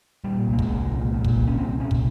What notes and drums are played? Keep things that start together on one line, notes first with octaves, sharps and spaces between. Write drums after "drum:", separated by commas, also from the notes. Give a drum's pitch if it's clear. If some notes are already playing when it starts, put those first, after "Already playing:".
A#2 G3
C2
A#3
G#3, drum: kick
C2
A#2
A#2
drum: kick
C2
C#4
C2 C4
A#2 C#4
drum: kick